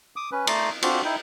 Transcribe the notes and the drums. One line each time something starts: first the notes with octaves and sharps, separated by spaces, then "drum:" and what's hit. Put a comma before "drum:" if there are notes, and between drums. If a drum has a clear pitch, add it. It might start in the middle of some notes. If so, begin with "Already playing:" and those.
D6 D#6
C#4 B4
A3 D5 A#5 C6 D#6, drum: cymbal
C4 D4 F4 F#4, drum: cymbal
D#4 E4 G5